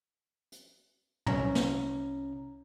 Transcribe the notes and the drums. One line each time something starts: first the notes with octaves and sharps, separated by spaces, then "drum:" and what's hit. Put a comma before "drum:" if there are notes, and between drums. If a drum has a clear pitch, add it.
drum: hi-hat
C2 C#4 A#5, drum: tom
drum: snare